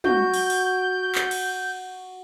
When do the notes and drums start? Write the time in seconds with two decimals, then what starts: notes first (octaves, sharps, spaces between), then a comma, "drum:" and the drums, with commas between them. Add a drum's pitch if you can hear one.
0.04 F#4 G6, drum: tom
0.34 drum: open hi-hat
0.50 drum: open hi-hat
1.15 drum: clap
1.31 drum: cymbal